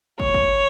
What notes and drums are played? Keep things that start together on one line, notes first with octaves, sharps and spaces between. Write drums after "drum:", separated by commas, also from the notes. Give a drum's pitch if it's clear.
C#5, drum: kick
drum: kick